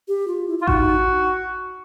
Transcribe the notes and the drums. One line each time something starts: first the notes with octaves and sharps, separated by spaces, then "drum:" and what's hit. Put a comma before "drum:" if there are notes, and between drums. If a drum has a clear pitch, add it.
G4
F4
E4
E4 F4
D#4 F#4, drum: kick A1